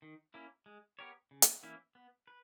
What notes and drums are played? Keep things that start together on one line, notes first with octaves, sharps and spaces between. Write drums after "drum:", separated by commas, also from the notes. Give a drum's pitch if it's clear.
D#3
A#3 C#4 E4
G#3
B3 G4 A#4 C#5
C#3
drum: hi-hat
E3 A#3 C#4 E4
B3
B4